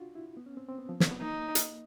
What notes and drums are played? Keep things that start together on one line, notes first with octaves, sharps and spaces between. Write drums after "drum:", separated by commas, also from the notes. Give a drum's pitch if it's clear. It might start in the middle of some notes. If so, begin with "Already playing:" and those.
Already playing: D4 F4 F#4
E4
B3
C#4
C4
C4
B3
F3
F#3, drum: snare
B3
A#3 D#4
drum: hi-hat